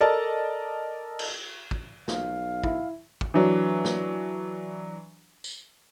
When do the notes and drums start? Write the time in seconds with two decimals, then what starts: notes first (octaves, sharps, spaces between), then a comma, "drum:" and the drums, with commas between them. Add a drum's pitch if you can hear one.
0.01 A4 A#4 D5 D#5 A5
1.19 drum: cymbal
1.71 drum: kick
2.08 B1 F5, drum: snare
2.64 E4, drum: kick
3.21 drum: kick
3.34 E3 F#3 D4
3.85 drum: snare
5.44 drum: tambourine